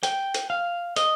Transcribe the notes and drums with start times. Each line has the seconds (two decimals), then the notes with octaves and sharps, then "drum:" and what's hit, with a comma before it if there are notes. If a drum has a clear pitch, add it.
0.03 G5, drum: hi-hat
0.34 drum: hi-hat
0.50 F5
0.96 D#5, drum: hi-hat